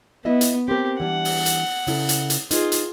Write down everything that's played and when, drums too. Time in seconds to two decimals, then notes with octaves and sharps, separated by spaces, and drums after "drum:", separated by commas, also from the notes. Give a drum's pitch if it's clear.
0.25 B3 E4 D#5 E5
0.41 drum: hi-hat
0.68 C4 G4 A#4
1.00 E3 G3 D4 F#5
1.25 drum: open hi-hat
1.46 drum: hi-hat
1.87 C#3 E4 A4, drum: open hi-hat
2.09 drum: hi-hat
2.30 drum: hi-hat
2.51 D#4 F4 G#4 B4, drum: hi-hat
2.72 drum: hi-hat